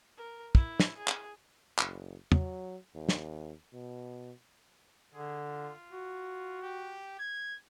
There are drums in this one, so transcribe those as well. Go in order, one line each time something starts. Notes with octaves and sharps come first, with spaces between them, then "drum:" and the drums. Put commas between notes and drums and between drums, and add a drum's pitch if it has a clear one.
A#4
E4, drum: kick
drum: snare
G#4
drum: clap
F#1, drum: clap
F#3, drum: tom
D#2
drum: snare
B2
D3 G#4
F4
F#4
G4
G#6